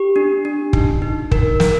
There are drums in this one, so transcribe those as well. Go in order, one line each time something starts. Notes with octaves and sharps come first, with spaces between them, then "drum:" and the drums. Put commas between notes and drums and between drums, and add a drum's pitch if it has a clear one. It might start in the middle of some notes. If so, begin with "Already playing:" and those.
Already playing: G4
D4
D4
D#4, drum: kick
D#4
A#4, drum: kick
A#4, drum: snare